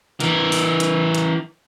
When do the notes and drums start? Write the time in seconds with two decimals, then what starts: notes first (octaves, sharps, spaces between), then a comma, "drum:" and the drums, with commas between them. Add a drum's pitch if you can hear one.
0.20 E3 A#4, drum: hi-hat
0.52 drum: open hi-hat
0.80 drum: hi-hat
1.15 drum: hi-hat